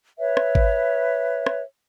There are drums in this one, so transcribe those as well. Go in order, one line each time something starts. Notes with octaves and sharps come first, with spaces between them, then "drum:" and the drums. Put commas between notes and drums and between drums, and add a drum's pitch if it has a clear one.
B4 C#5 E5
drum: rim click
drum: kick G#1
drum: rim click